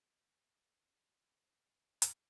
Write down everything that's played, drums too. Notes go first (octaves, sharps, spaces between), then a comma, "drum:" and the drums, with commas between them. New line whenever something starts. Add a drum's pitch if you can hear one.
G4
C5 D#5
drum: hi-hat